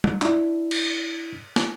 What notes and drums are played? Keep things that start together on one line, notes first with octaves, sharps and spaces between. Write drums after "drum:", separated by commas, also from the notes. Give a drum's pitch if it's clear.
drum: tom G3
D4 E4, drum: clap
drum: cymbal
drum: snare